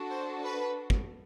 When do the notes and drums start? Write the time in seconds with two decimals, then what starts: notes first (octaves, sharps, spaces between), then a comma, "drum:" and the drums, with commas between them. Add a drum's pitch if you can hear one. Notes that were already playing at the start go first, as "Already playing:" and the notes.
Already playing: D4 F#4 A4
0.11 C5
0.44 B4
0.90 drum: kick